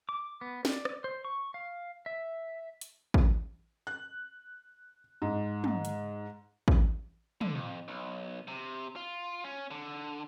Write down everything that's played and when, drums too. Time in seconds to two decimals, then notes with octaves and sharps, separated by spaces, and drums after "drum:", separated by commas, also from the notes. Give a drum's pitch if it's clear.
0.09 D6
0.41 B3
0.65 D5, drum: snare
0.85 drum: rim click
1.04 C5
1.25 C#6
1.54 F5
2.06 E5
2.81 drum: hi-hat
3.14 drum: kick
3.87 F#6
5.22 G#2
5.64 drum: tom
5.85 drum: hi-hat
6.68 drum: kick
7.41 D3, drum: tom
7.55 F2
7.88 B1
8.48 C3
8.96 F4
9.44 C#4
9.71 D3